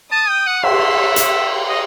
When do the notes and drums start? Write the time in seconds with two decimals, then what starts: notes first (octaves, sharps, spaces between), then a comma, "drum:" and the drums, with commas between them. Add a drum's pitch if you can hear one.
0.11 A5 D#6
0.29 G5
0.47 F#5
0.63 E5 C6, drum: cymbal
1.16 C6, drum: hi-hat
1.69 D#5